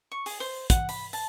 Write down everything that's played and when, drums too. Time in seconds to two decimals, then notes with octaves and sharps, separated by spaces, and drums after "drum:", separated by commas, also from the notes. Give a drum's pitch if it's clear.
0.12 C#6
0.26 G#4, drum: open hi-hat
0.40 C5
0.70 F#5, drum: kick, hi-hat
0.89 B5, drum: open hi-hat
1.13 A5, drum: open hi-hat